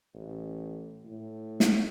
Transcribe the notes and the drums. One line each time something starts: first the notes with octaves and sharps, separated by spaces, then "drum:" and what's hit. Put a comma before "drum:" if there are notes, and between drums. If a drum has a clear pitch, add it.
A1
A2
drum: snare